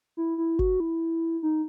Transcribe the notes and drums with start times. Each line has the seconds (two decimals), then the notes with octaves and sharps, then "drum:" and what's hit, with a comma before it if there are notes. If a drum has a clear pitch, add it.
0.17 E4
0.38 E4
0.59 F#4, drum: kick G1
0.80 E4
1.43 D#4